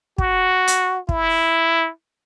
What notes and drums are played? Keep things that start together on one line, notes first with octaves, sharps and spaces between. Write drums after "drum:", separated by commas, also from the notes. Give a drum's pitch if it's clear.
F#4, drum: kick
drum: hi-hat
E4, drum: kick